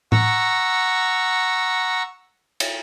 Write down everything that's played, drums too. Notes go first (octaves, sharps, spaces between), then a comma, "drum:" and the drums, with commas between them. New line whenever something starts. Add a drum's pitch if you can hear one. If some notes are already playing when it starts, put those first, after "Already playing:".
F#5 A#5 C#6 E6, drum: tom A2
drum: cymbal